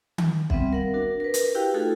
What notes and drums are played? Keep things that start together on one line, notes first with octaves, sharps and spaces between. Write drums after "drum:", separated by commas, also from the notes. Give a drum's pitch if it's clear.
drum: tom D#3
G3 B3 C4 E5 F#5, drum: kick
A#4 F5 F#5
D4 F#4 A#4
A#4 B4
drum: hi-hat
E4 F#4 G4 B4 F5 G5
A3 D#4 F4 F#4 G#4 A4